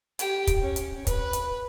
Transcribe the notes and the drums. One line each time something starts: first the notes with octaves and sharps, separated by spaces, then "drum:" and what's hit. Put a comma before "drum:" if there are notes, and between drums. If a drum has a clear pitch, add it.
G4, drum: hi-hat
drum: kick, hi-hat
C#4
drum: hi-hat
B4, drum: kick, hi-hat
drum: hi-hat